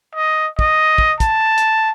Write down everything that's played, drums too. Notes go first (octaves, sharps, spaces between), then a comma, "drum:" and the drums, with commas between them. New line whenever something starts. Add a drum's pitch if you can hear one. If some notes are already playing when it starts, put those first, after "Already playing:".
D#5
D#5, drum: kick
drum: kick
A5, drum: kick, hi-hat
drum: hi-hat